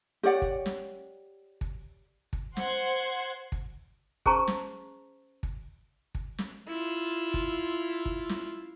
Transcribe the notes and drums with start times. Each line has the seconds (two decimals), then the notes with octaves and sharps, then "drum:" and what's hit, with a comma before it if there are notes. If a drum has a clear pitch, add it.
0.23 G4 C#5 D5 F#5
0.42 drum: kick G1
0.66 drum: snare
1.61 drum: kick G1
2.33 drum: kick G1
2.57 C5 F#5 C6 G#6, drum: snare
3.52 drum: kick G1
4.26 C#4 G#4 C5 A5 A#5 C#6, drum: kick G1
4.48 drum: snare
5.43 drum: kick G1
6.15 drum: kick G1
6.38 drum: snare
6.68 E4 F4
7.34 drum: kick G1
8.06 drum: kick G1
8.29 drum: snare